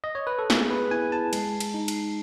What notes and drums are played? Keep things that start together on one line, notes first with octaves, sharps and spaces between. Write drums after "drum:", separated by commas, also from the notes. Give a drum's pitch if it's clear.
D#5
C#5
B4
A4
B3 G#4, drum: snare
B4
E4 G#5
A5
G#3, drum: cymbal
drum: cymbal
D#4
drum: cymbal